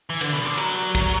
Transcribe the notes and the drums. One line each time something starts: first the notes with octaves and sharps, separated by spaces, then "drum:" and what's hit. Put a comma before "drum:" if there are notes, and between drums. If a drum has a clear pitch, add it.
E3
D3, drum: cymbal
B2
D3
F#3, drum: cymbal
drum: kick, cymbal